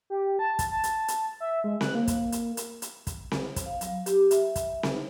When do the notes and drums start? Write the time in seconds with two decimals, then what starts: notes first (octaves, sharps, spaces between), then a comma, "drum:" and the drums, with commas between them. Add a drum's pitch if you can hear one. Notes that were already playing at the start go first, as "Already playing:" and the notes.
0.10 G4
0.39 A5
0.59 drum: kick, hi-hat
0.71 A5
0.83 drum: hi-hat
1.08 drum: hi-hat
1.40 E5
1.64 G#3
1.81 F#6, drum: snare C4
1.95 A#3
2.07 drum: kick, hi-hat
2.32 drum: hi-hat
2.57 drum: hi-hat
2.82 drum: hi-hat
3.07 drum: kick, hi-hat
3.32 drum: snare C4
3.56 drum: kick, hi-hat
3.66 F5
3.81 F#3, drum: hi-hat
4.06 G4, drum: hi-hat
4.31 E5, drum: hi-hat
4.56 drum: kick, hi-hat
4.83 D#4, drum: snare C4